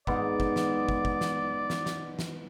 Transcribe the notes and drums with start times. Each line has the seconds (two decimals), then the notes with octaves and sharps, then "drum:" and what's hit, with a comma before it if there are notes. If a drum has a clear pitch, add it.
0.07 G#2 B3 D5, drum: kick
0.40 drum: kick
0.56 drum: snare
0.89 drum: kick
1.05 drum: kick
1.21 drum: snare
1.70 drum: snare
1.86 drum: snare
2.19 drum: snare